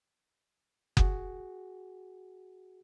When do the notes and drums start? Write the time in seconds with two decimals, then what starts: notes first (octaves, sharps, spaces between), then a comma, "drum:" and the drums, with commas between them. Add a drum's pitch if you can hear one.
0.97 F#4 G#4, drum: kick F#1